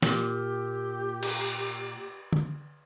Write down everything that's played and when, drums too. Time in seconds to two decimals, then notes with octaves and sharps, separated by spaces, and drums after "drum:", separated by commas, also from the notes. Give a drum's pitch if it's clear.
0.02 A#2 G4, drum: snare
1.23 drum: cymbal
2.33 drum: tom D3